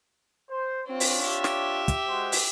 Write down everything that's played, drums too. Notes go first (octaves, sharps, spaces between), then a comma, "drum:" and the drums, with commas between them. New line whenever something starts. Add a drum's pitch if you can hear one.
C5
C4 D4 F4 C#5
drum: open hi-hat
G4 E5
drum: snare
drum: kick, hi-hat
G#3 F#4 C5
drum: open hi-hat